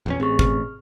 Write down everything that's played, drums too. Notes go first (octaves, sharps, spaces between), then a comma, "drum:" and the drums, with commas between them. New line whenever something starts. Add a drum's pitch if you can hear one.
A#1 E2 C#4
A1 C4 G#4 C#6
F6, drum: kick G#1